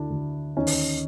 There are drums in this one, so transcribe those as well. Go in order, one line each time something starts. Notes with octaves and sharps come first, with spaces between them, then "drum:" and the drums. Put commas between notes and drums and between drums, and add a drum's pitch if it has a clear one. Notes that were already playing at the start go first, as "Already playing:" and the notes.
Already playing: D2 D4 E4
D2
D#2 C#4 D#4
drum: open hi-hat